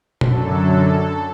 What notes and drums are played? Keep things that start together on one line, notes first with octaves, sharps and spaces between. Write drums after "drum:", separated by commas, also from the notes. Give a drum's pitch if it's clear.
F#2 D3 F#3 A4, drum: tom B2